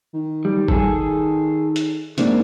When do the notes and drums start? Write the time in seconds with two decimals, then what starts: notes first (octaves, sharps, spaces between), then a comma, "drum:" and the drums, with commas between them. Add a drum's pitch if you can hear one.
0.14 D#3
0.45 G3
0.68 G#4 A4, drum: kick G1
1.76 drum: hi-hat
2.18 G#2 C3 A#3 D4, drum: hi-hat